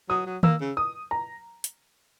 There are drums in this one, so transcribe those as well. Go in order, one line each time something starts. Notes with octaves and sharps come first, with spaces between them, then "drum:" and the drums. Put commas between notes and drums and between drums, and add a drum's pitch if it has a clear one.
F#3 D#6
F#3
A#3 E6, drum: tom D#3
C#3
D#6
A#5
drum: hi-hat